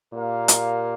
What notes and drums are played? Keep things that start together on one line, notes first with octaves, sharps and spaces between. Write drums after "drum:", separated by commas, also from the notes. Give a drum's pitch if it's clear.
A#2 A#3 G4 A#4 F5
drum: hi-hat